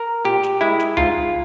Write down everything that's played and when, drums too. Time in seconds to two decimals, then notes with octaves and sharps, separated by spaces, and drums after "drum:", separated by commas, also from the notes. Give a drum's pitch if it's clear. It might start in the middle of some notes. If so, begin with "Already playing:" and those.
Already playing: A#4
0.25 A#2 G4
0.43 drum: snare
0.61 G#3 E4
0.79 drum: snare
0.97 G#2 F4, drum: tom C#2